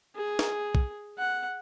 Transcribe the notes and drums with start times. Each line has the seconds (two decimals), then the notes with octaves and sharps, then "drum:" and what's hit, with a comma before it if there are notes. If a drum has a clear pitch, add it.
0.16 G#4
0.39 drum: snare
0.75 drum: kick
1.18 F#5